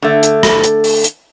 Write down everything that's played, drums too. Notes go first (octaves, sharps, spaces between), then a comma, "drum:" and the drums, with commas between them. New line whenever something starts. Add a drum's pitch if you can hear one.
D3 A3
drum: hi-hat
drum: rim click
drum: hi-hat
drum: open hi-hat
drum: hi-hat